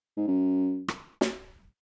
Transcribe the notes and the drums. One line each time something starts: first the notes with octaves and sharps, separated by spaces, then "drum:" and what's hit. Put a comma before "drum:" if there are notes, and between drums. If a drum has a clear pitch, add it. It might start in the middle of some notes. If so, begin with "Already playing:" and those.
G#2
F#2
drum: rim click
drum: snare